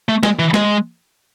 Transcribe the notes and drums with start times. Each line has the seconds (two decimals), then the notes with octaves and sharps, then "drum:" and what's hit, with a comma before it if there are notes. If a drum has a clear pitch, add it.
0.09 A3
0.23 G#3, drum: snare
0.39 E3
0.54 G#3, drum: snare